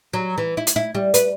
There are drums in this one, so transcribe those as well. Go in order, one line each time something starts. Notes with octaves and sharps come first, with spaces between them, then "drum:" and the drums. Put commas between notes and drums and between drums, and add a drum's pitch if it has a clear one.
F#3
E3
E4
drum: hi-hat
E4
G3
B4, drum: hi-hat